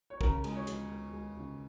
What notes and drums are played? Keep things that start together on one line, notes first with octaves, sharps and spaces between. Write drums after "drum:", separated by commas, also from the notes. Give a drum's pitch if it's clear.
C#5
C#3 A#4, drum: kick
G#3, drum: cymbal
C#5
G#3, drum: hi-hat
G#3
G#3
C#3